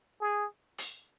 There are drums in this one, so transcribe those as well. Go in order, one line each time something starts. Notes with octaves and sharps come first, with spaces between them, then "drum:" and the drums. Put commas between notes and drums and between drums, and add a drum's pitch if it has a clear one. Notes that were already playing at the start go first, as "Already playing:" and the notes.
G#4
drum: hi-hat